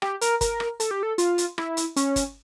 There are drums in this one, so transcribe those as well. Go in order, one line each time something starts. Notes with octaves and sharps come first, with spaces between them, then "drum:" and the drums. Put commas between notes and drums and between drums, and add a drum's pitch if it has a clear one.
G4, drum: rim click
A#4, drum: hi-hat
A#4, drum: kick G1, hi-hat
drum: rim click
A4, drum: hi-hat
G4
A4
F4, drum: hi-hat
drum: hi-hat
E4, drum: rim click
drum: hi-hat
C#4, drum: hi-hat
drum: kick G1, hi-hat